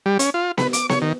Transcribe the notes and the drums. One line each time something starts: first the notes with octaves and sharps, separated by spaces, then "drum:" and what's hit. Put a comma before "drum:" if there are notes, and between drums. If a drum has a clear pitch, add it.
G3
C#4, drum: hi-hat
F4
B4, drum: snare B3
D6, drum: hi-hat
C#5, drum: snare B3
D#3